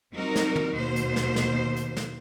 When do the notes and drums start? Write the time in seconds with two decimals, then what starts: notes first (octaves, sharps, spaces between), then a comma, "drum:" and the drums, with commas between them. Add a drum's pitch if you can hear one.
0.14 G3 C4 D#4 F#4 A#4
0.36 drum: snare
0.56 drum: tom
0.76 D#2 B2 C5
0.96 drum: hi-hat
1.16 drum: snare
1.36 drum: snare
1.76 drum: hi-hat
1.96 drum: snare